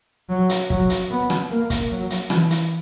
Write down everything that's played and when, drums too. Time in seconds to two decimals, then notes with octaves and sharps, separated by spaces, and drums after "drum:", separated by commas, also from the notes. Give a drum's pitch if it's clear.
0.29 F#3
0.49 drum: hi-hat
0.70 F#3, drum: kick
0.90 drum: hi-hat
1.10 B3
1.30 drum: rim click
1.50 A#3
1.70 drum: kick, hi-hat
1.90 F#3
2.10 drum: hi-hat
2.30 E3, drum: rim click
2.50 drum: hi-hat